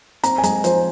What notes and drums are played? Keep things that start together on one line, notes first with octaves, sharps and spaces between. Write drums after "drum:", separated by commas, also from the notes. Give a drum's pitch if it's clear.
C4 A#5, drum: hi-hat
G#5
G#3 A#5, drum: hi-hat
F3 C5, drum: hi-hat